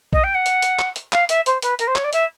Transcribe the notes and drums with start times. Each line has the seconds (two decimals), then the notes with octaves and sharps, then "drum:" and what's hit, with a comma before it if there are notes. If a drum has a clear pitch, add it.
0.13 D#5, drum: kick
0.24 G5
0.35 F#5
0.46 drum: hi-hat
0.62 drum: hi-hat
0.79 drum: clap
0.96 drum: hi-hat
1.13 F5, drum: clap
1.29 E5, drum: hi-hat
1.46 C5, drum: hi-hat
1.62 B4, drum: hi-hat
1.79 A#4, drum: hi-hat
1.87 C5
1.96 C#5, drum: clap
2.04 D5
2.13 E5, drum: hi-hat